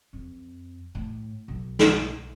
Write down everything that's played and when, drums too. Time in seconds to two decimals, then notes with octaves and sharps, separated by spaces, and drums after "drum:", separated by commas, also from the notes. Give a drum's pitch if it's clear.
0.13 F2
0.95 A2
1.48 B1
1.79 drum: snare